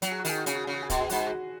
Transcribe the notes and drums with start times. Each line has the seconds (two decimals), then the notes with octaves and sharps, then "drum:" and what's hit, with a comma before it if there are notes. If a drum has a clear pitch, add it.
0.02 F#3 F#4, drum: hi-hat
0.11 G#4
0.20 F#4
0.25 D#3 G#4, drum: open hi-hat
0.38 F#4
0.46 C#3 G#4, drum: hi-hat
0.55 F#4
0.64 C#3 G#4
0.73 F#4
0.82 G#4
0.90 B2 F#4, drum: kick, hi-hat
1.01 G#4
1.10 G#2 F#4, drum: open hi-hat
1.18 G#4
1.27 F#4